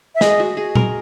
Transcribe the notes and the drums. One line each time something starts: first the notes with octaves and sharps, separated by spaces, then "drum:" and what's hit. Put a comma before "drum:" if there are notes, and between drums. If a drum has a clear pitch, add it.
E5
G#3 D#5, drum: snare
F#4
G#4
A#4, drum: tom A#2